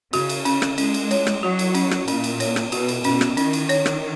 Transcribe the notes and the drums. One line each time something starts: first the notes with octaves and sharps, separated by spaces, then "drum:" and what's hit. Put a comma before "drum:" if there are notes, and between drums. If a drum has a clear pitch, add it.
C#3 F#4, drum: cymbal
drum: cymbal
C#4, drum: cymbal
drum: rim click
G#3 C#4, drum: cymbal
drum: cymbal
C#5, drum: cymbal
drum: rim click
F#3 F#4
drum: cymbal
C#4, drum: cymbal
drum: rim click
A#2 C#4, drum: cymbal
drum: cymbal
C#5, drum: cymbal
drum: rim click
B2 F#4, drum: cymbal
drum: cymbal
B2 C#4, drum: cymbal
drum: rim click
D#3 C#4, drum: cymbal
drum: cymbal
C#5, drum: cymbal
drum: rim click